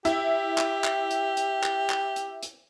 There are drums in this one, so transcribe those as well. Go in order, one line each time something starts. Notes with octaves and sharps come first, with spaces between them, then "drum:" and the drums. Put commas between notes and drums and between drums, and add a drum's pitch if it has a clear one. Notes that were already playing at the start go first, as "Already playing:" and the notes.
E4 G4, drum: hi-hat
drum: clap
drum: clap
drum: hi-hat
drum: hi-hat
drum: clap
drum: clap
drum: hi-hat
drum: hi-hat